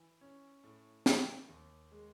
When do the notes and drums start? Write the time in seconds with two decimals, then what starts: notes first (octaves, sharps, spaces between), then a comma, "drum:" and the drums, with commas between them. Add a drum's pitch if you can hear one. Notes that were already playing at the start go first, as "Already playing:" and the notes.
Already playing: E3
0.21 C#4
0.64 A2
1.06 D#3, drum: snare
1.49 D#2
1.91 G#3